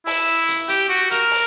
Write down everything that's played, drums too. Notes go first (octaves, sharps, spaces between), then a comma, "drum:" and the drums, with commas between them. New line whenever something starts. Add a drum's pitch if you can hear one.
E4, drum: open hi-hat
drum: hi-hat
G4, drum: hi-hat
F#4
A#4, drum: hi-hat
drum: open hi-hat